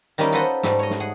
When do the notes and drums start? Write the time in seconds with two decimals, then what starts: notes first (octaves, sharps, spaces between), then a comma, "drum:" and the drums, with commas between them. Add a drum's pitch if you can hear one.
0.18 D#3 G3 A#3 C#4 D#4 E4
0.32 F4 A4 B4 C5 D#5 F#5
0.63 G#2 G3 A3, drum: snare
0.79 C#5 D#5
0.90 drum: snare
1.00 G#4 F#5